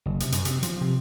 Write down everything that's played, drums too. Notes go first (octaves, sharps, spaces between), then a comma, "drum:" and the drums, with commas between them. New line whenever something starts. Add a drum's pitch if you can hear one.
F#1
C3, drum: hi-hat
F#2, drum: hi-hat
C3, drum: hi-hat
F3, drum: hi-hat
C3